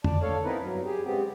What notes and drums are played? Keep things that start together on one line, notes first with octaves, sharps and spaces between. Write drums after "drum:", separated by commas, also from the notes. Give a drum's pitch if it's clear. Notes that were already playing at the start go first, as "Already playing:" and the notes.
D5 A5, drum: tom
D3 A4 C#5 F5
B3 C4 D#4 E4 A#4 B4
G2 F#3
G4 G#4
G#2 C#3 B3 C4 G4